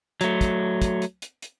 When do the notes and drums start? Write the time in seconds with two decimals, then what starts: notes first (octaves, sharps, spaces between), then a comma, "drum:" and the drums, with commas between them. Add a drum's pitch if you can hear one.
0.21 F#3 A3, drum: hi-hat
0.41 drum: kick, hi-hat
0.82 drum: kick, hi-hat
1.02 drum: hi-hat
1.22 drum: hi-hat
1.42 drum: hi-hat